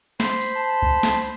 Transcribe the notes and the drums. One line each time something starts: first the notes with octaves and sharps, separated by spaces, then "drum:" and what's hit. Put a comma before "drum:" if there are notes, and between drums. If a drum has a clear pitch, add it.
C5 B5 C6, drum: snare
drum: tambourine
A5
drum: kick C#2
drum: snare